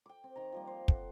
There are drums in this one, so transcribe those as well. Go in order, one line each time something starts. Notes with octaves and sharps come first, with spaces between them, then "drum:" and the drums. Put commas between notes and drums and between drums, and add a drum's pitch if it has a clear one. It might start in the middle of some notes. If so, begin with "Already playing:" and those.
G5 D6
C4
D#3 D#5 A#5
F3 G3 A#3
C5
A4 F#5, drum: kick